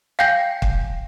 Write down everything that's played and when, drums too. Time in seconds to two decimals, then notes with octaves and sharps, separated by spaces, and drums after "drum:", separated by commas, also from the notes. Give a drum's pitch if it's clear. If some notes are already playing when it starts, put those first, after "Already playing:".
0.19 F5 G5 G#5 G6 A#6 C7
0.62 drum: kick